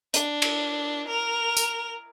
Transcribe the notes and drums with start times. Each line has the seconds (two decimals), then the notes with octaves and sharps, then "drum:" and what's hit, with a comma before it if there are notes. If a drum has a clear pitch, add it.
0.14 D4, drum: hi-hat
0.42 drum: cymbal
1.08 A#4 F7
1.57 drum: tambourine